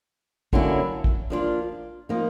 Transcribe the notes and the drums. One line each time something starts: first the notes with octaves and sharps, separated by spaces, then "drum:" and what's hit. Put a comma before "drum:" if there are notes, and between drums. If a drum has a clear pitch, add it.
D3 F#3 A#3 C#4 E4, drum: kick
drum: kick
F3 A#3 D4 F4
F3 A#3 D#4